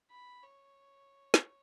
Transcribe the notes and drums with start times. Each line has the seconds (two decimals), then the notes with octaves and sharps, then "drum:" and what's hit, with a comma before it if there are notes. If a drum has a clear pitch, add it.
0.11 B5
0.43 C#5
1.34 drum: snare